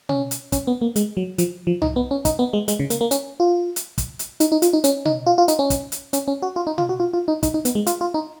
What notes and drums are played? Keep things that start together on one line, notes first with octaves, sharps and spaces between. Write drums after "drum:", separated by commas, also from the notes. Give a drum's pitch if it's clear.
C#4, drum: tom B2
drum: hi-hat
C#4, drum: kick, hi-hat
B3
A#3
G#3, drum: hi-hat
F#3
F3, drum: hi-hat
F3
D#4, drum: tom C2
B3
C#4
D#4, drum: kick, hi-hat
B3
G#3
G#3, drum: hi-hat
C#3
A#3, drum: hi-hat
A#3
C#4, drum: hi-hat
F4
drum: hi-hat
drum: kick, hi-hat
drum: hi-hat
D#4, drum: hi-hat
D#4
F4, drum: hi-hat
D#4
C#4, drum: hi-hat
D#4, drum: tom B2
F4
F4
D#4, drum: hi-hat
C#4
drum: kick, hi-hat
drum: hi-hat
C#4, drum: hi-hat
C#4
F#4
F4
D#4
F4, drum: tom B2
F#4
F4
F4
D#4
D#4, drum: kick, hi-hat
D#4
B3, drum: hi-hat
G#3
F4, drum: hi-hat
F4
D#4